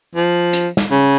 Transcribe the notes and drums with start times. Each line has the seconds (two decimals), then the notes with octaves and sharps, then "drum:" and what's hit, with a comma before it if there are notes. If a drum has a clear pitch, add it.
0.15 F3
0.53 drum: hi-hat
0.77 drum: snare
0.91 C#3